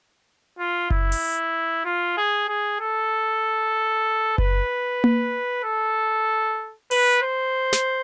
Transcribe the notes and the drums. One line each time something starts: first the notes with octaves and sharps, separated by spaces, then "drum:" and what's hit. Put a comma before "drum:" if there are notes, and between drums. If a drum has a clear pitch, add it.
F4
E4, drum: kick F#1
drum: open hi-hat
F4
G#4
G#4
A4
B4, drum: kick F#1
drum: tom A#3
A4
B4, drum: open hi-hat
C5
drum: snare